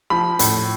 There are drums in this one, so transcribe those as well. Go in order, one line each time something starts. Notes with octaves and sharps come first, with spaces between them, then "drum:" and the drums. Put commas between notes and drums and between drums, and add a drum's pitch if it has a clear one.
F3 B5
A2, drum: hi-hat